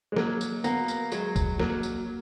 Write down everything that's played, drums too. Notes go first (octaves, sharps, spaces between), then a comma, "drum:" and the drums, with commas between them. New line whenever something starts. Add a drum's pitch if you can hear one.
G#3
F#3 A#3, drum: snare
drum: tambourine
A#3 B3, drum: tambourine
drum: tambourine
F#3 G#3, drum: tambourine
drum: kick, tambourine
F#3 A#3, drum: snare
drum: tambourine